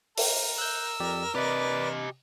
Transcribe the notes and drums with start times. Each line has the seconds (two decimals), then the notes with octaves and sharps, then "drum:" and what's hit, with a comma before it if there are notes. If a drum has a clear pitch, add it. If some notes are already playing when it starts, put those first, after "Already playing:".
0.18 A#4, drum: open hi-hat
0.58 E6 F#6 G6
1.00 F2 G4 D5
1.35 C3 G4 B4 D5 D#5